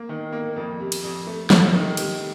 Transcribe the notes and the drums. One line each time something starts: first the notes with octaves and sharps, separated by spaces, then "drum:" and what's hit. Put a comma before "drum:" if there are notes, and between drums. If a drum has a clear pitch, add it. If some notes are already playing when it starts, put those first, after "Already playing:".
Already playing: A#3
D#3
A#3
F2
C3
drum: cymbal
F2
A3
A3, drum: snare
D#3
C3, drum: cymbal